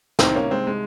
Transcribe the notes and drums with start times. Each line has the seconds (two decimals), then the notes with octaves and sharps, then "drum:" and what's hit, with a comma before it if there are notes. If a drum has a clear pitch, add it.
0.19 C2 C3 D#3 C4 D#4, drum: snare
0.35 A#3 C#4
0.51 G#3 C4
0.67 G#3